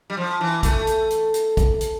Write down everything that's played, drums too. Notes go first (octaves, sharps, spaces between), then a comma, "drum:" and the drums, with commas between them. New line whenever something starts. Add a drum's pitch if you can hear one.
G3
F3
E3
A3, drum: kick, hi-hat
drum: hi-hat
drum: hi-hat
drum: hi-hat
drum: kick, hi-hat
drum: hi-hat